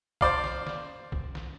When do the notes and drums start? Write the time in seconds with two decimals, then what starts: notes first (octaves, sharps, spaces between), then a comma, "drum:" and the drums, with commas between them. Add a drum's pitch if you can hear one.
0.21 C5 D5 F5, drum: kick B1
0.44 drum: snare
0.67 drum: snare
1.12 drum: kick B1
1.35 drum: snare